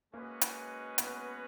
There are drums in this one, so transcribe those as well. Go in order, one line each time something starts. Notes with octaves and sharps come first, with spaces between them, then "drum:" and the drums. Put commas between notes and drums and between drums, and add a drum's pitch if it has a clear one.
G#3 A#3 C#4 F#4 B4 D#5
drum: hi-hat
B3, drum: hi-hat